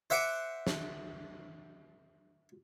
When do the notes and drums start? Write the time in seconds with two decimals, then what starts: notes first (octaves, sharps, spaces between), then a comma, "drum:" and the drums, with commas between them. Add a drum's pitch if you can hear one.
0.10 C5 E5 F#5 D6
0.67 drum: snare